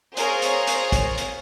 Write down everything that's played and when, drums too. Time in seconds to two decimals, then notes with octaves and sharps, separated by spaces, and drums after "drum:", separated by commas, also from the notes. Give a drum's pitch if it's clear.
0.17 F4 G#4 A#4 C5 C#5, drum: hi-hat
0.42 drum: hi-hat
0.67 drum: hi-hat
0.92 drum: kick, hi-hat
1.18 drum: hi-hat